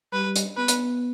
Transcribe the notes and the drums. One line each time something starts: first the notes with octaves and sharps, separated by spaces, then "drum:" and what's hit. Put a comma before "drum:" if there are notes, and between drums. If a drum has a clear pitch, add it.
G3 B4
drum: hi-hat
B3 B4
drum: hi-hat